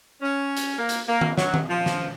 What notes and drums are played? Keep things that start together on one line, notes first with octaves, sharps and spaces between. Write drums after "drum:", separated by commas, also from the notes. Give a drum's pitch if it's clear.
C#4
drum: hi-hat
A#3
drum: hi-hat
A#3
drum: tom D#3
F#3, drum: snare
drum: tom D#3
F3
drum: snare